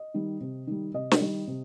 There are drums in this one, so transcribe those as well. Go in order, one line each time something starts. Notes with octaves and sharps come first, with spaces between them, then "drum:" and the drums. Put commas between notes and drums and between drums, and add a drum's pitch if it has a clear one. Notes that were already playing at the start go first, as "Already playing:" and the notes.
Already playing: D#5
D#3 G3
C3
D#3 G3
C3 D#5
drum: snare
D#3 G3
C3